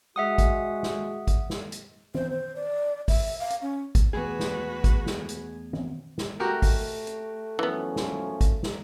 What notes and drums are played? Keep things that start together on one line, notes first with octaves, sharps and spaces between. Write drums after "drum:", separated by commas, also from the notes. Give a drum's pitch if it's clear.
G#3 F#4 E5 F#5 D#6
drum: kick G#1, hi-hat
drum: snare
drum: kick G#1, hi-hat
drum: snare
drum: hi-hat
C5, drum: tom
C5
D5
E5, drum: kick G#1, open hi-hat
F5
drum: hi-hat
C#4
drum: kick G#1, hi-hat
E2 A3 B3 F#4 G#4 B4
drum: snare
drum: kick G#1, hi-hat
drum: snare
drum: hi-hat
drum: tom
drum: snare
A3 F#4 G4 A#4
drum: kick G#1, open hi-hat
drum: hi-hat
F#2 E3 F3 B3 C#4
drum: snare
drum: kick G#1, hi-hat
drum: snare